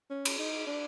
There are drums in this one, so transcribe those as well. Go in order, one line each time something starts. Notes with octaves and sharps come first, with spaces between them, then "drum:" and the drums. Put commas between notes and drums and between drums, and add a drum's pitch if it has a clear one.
C#4
drum: cymbal
D#4
D4